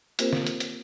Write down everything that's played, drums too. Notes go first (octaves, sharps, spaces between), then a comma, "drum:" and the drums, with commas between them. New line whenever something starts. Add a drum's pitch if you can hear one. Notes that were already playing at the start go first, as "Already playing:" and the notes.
A#3 C4 F4 G4 A#4 C5, drum: hi-hat
drum: snare
drum: hi-hat
drum: hi-hat